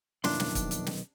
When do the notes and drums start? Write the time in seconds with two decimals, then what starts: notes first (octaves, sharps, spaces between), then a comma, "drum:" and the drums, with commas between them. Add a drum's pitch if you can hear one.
0.24 B1 F2 D#3 A#3 D4 E4 C6, drum: snare
0.40 drum: snare
0.55 drum: kick, hi-hat
0.71 drum: hi-hat
0.86 drum: snare